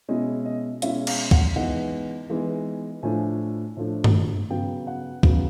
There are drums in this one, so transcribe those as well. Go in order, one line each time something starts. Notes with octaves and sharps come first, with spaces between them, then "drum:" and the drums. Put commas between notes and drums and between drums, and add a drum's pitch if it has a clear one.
B2 G#3 C#4 E4 D#5
D#5
B2 G#3 C#4 E4 E5, drum: hi-hat
F5, drum: cymbal
F#5, drum: kick
E3 G#3 B3 D#4 F#5
E3 G#3 B3 D#4
A2 F3 A3 D4 G#5
A2 F3 A3 D4
drum: tom G2
C#3 F#3 B3 G5
F#5
C#3 F#3 B3, drum: kick